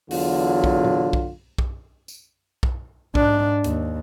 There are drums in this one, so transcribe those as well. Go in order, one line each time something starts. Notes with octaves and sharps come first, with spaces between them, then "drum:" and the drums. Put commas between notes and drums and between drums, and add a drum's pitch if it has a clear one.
E2 D3 F#3 F4, drum: open hi-hat
drum: kick
drum: tom
drum: kick
drum: kick
drum: tambourine
drum: kick
G#2 D4, drum: kick
D#2, drum: hi-hat